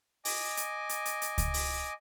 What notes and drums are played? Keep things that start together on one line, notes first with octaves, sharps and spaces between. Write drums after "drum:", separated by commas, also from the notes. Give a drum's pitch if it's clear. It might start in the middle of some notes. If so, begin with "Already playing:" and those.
D#5 G#5 D6, drum: open hi-hat
drum: hi-hat
drum: hi-hat
drum: hi-hat
drum: hi-hat
drum: kick C#2, hi-hat
drum: open hi-hat